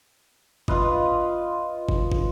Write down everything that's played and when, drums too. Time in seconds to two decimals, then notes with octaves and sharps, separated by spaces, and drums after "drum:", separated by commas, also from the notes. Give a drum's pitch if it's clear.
0.68 F4 B4 D#5, drum: kick
1.89 drum: kick
2.12 drum: kick